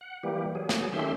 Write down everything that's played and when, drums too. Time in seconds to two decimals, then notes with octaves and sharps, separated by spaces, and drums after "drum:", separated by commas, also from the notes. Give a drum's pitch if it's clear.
0.01 F#5
0.23 E3 G3 A#3 G4
0.55 F#3 G#4
0.69 drum: snare
0.93 D#3 A3 C#4 G4 E5 C6